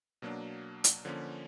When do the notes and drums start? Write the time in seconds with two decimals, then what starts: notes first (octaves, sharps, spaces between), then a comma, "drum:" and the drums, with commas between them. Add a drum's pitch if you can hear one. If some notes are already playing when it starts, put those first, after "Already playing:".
0.22 B2 F#3 A#3 D4
0.84 drum: hi-hat
1.05 D3 F3 A#3 C#4